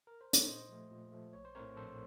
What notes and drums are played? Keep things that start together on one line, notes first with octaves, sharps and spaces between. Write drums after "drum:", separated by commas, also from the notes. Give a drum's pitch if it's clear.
A#4
C5
C#5, drum: hi-hat
A#2 C5 D#5
F3 A3
A#2
F3 A3
A#1 C#5
C5
A2 A3 C4 A#4 C#5
A#1 A4 C5